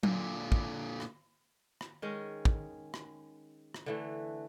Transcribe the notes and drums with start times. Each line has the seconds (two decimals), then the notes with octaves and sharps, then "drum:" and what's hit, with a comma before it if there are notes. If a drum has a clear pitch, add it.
0.03 A#2 D3, drum: tom F#3
0.52 drum: kick
1.00 drum: rim click
1.81 drum: rim click
2.02 D#3 G#3 C#4
2.45 drum: kick
2.94 drum: rim click
3.74 drum: rim click
3.86 D3 E3 A3